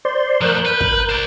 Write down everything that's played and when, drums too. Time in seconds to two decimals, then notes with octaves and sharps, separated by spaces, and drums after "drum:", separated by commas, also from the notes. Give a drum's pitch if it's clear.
0.05 C5 D5 C6
0.41 F3 A3 A#4 F#6 G6
0.66 B4
0.80 drum: kick
1.09 C5 D5